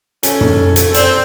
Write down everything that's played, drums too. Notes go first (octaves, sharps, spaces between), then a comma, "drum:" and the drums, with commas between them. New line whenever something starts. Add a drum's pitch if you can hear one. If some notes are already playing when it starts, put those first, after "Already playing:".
C#4 A4, drum: hi-hat
drum: tom
drum: hi-hat
C4 D5 G5, drum: hi-hat